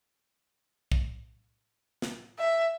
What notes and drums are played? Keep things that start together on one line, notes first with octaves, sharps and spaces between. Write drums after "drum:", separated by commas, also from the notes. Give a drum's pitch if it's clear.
drum: kick
drum: snare
E5